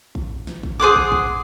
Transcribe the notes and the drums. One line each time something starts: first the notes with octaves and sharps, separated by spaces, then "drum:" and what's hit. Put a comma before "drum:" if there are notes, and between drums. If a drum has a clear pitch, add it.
drum: kick
drum: snare
drum: kick
G#4 C5 F#5 D6
drum: kick
drum: kick